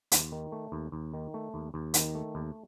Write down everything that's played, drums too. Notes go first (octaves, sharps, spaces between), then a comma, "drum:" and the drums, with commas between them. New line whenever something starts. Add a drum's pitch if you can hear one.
D#2, drum: hi-hat
D#3
A3
D#2
D#2
D#3
A3
D#2
D#2
D#3, drum: hi-hat
A3
D#2